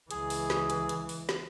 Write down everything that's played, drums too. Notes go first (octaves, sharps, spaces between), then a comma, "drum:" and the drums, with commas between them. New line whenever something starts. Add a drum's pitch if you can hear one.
C#2 E3 G#4, drum: hi-hat
drum: open hi-hat
drum: snare
drum: hi-hat
drum: hi-hat
drum: open hi-hat
drum: snare